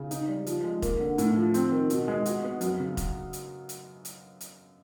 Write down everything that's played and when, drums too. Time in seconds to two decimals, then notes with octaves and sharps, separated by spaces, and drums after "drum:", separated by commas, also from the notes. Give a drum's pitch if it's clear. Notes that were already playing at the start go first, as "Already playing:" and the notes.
Already playing: C#3
0.11 D#4, drum: hi-hat
0.28 G3
0.46 F3, drum: hi-hat
0.64 G#3
0.82 A#3, drum: kick F1, hi-hat
1.00 D3
1.18 A2, drum: hi-hat
1.36 F3
1.54 C4, drum: hi-hat
1.72 D#3
1.90 B2, drum: hi-hat
2.08 G#3
2.26 F#4, drum: hi-hat
2.44 B3
2.61 F#2, drum: hi-hat
2.80 C#3
2.97 drum: kick F1, hi-hat
3.33 drum: hi-hat
3.69 drum: hi-hat
4.05 drum: hi-hat
4.41 drum: hi-hat